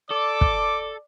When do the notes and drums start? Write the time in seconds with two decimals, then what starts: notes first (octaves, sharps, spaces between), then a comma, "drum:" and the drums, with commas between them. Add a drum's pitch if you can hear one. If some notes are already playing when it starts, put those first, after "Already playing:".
0.10 A4 D5 D6
0.41 drum: kick